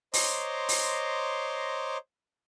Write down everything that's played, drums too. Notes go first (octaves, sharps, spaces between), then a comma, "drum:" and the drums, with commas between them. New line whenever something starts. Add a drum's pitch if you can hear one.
C5 C#5 D#5 A#5 C6 D6, drum: open hi-hat
drum: open hi-hat